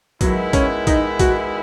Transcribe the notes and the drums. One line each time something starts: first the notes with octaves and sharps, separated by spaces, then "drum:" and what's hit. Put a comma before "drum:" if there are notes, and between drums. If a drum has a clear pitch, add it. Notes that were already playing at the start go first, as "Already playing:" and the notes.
D#3 F#3 G#3 B3 E4, drum: kick, hi-hat
C#4, drum: kick, hi-hat
D#4, drum: kick, hi-hat
F#4, drum: kick, hi-hat